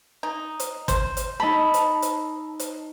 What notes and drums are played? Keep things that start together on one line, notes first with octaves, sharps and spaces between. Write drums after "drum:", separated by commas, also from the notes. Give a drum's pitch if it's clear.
D#4
drum: hi-hat
C5, drum: kick, hi-hat
drum: hi-hat
D#4 A4 B5
drum: hi-hat
drum: hi-hat
drum: hi-hat